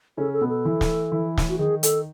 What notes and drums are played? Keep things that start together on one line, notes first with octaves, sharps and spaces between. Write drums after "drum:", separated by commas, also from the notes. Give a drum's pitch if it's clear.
C#3 C#4 A4
A4
B2 B3
A4
E3 E4
drum: snare
E3 E4
drum: snare
F#4
D#3 D#4 G#4
A4, drum: hi-hat